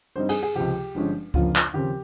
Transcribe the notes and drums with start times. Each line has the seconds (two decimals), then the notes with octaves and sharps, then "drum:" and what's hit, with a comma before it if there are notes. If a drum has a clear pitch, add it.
0.16 G2 G3 C4 D#4 C5
0.29 G#4, drum: cymbal
0.43 G#4
0.55 C#2 C3 F3 G4
0.95 G1 G2 F3 G#3 C#4
1.34 G1 F2 C#3 F3 A#3 F4, drum: kick C#2
1.56 drum: clap
1.74 D#2 C#3 F3 C4 G4